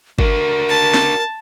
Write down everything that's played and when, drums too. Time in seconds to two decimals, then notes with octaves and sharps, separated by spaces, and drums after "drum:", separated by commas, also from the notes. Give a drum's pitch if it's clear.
0.19 D4 F#4 A#4, drum: kick G1
0.69 A5
0.94 drum: snare